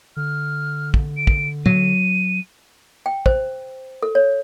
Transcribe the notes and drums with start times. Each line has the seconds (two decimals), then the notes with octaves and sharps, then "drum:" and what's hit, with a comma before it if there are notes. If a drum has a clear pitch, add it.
0.17 D3 F6
0.94 drum: kick
1.17 D7
1.27 drum: kick
1.66 F#3 D#7, drum: tom
3.06 G5
3.26 C5, drum: kick
4.03 A4
4.15 C#5